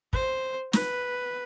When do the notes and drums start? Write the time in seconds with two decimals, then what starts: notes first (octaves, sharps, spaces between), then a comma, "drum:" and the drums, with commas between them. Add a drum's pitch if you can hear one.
0.13 C5, drum: kick
0.73 B4, drum: snare